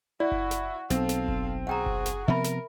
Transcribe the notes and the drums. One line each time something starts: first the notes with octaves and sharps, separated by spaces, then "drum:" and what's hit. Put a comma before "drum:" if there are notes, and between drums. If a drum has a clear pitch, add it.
E4 F#4 D5
drum: kick F#1
drum: snare
B1 C4 A4 F5, drum: snare
drum: snare
drum: kick F#1
F#4 G#4 F#5 G5 A#5
drum: kick F#1
drum: snare
C3 F3 B3 A#4 E5 B5
drum: snare